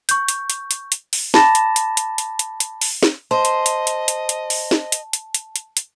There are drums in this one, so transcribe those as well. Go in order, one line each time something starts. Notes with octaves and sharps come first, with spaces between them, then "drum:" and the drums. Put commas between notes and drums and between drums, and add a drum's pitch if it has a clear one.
C#6 G6, drum: hi-hat
drum: hi-hat
drum: hi-hat
drum: hi-hat
drum: hi-hat
drum: open hi-hat
A5 B5 D6 A6 A#6 E7, drum: snare
drum: hi-hat
drum: hi-hat
drum: hi-hat
drum: hi-hat
drum: hi-hat
drum: hi-hat
drum: open hi-hat
drum: snare
C5 D#5 A5
drum: hi-hat
drum: hi-hat
drum: hi-hat
drum: hi-hat
drum: hi-hat
drum: open hi-hat
drum: snare
drum: hi-hat
drum: hi-hat
drum: hi-hat
drum: hi-hat
drum: hi-hat